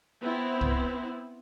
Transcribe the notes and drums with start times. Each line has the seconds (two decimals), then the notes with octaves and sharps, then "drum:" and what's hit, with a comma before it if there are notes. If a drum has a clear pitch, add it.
0.22 B3 C4 E4
0.61 drum: kick